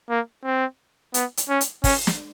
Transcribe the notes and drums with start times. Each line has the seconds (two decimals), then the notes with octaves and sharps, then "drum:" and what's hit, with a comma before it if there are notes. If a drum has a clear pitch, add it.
0.09 A#3
0.44 C4
1.14 B3, drum: hi-hat
1.37 drum: hi-hat
1.49 C#4
1.61 drum: hi-hat
1.84 C#4, drum: kick, open hi-hat
2.07 drum: snare